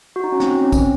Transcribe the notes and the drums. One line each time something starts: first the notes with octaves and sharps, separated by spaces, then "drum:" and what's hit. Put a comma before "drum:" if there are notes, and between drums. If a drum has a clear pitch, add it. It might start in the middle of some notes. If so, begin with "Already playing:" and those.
F#4
D#4
C#4
C4, drum: snare
C#4
C4, drum: kick, tambourine